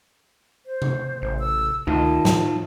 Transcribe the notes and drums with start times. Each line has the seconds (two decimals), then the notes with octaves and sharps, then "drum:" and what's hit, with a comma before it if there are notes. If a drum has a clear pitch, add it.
0.66 C5
0.82 drum: tom C3
1.22 A1
1.39 E6
1.87 D2 D#3 D#4 F4 A5
2.25 A2, drum: snare